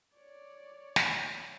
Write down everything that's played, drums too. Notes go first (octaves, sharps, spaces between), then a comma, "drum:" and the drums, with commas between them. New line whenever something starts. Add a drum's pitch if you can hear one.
C#5 D5
drum: snare